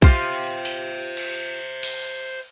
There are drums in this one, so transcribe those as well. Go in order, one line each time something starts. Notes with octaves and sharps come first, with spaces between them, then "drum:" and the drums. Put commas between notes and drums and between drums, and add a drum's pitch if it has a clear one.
F4 G4 C5 E5, drum: kick B1
drum: open hi-hat
drum: cymbal
drum: cymbal